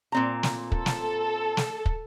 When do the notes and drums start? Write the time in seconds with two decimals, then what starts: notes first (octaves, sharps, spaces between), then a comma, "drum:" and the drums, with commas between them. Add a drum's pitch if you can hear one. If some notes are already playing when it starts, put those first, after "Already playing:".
0.12 A#2 C4 A#5
0.43 drum: snare
0.72 A4, drum: kick
0.86 drum: snare
1.57 drum: snare
1.86 drum: kick